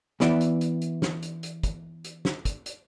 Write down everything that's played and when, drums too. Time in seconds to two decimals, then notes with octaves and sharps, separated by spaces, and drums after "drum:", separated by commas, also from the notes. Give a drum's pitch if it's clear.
0.20 E3 B3 E4 B4 D5 E5, drum: snare
0.41 drum: hi-hat
0.61 drum: hi-hat
0.82 drum: hi-hat
1.02 drum: snare
1.23 drum: hi-hat
1.43 drum: hi-hat
1.63 drum: kick, hi-hat
2.04 drum: hi-hat
2.25 drum: snare
2.45 drum: kick, hi-hat
2.66 drum: hi-hat